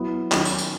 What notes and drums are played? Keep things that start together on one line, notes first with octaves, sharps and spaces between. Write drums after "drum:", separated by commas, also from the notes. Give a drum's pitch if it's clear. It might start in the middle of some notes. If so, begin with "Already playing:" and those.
Already playing: F#3 B3 E4
D#3 F#3 C#4, drum: clap
drum: tambourine
drum: tambourine